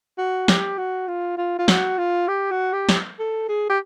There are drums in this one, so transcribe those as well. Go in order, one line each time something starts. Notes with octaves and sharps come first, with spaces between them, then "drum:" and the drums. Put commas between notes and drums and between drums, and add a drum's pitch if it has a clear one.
F#4
G4, drum: snare
F#4
F4
F4
F4
F#4, drum: snare
F4
G4
F#4
G4
drum: snare
A4
G#4
G4